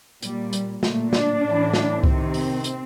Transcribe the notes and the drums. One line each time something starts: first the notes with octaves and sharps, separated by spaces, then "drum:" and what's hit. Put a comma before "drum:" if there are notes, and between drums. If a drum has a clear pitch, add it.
A#2 G3, drum: hi-hat
drum: hi-hat
A#2 A3, drum: snare
D4, drum: snare
A2 E3
drum: snare
C3 D#3 C4, drum: kick C2
drum: open hi-hat
drum: hi-hat